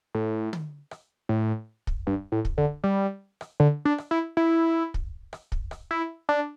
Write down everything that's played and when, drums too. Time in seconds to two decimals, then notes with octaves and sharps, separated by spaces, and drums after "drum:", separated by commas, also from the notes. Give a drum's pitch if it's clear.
0.15 A2
0.53 drum: tom
0.91 drum: rim click
1.29 A2
1.87 drum: kick
2.07 G2
2.32 A2
2.45 drum: kick
2.58 D3
2.84 G3
3.41 drum: rim click
3.60 D3
3.85 D4
3.98 drum: rim click
4.11 E4
4.37 E4
4.94 drum: kick
5.33 drum: rim click
5.52 drum: kick
5.71 drum: rim click
5.91 E4
6.29 D4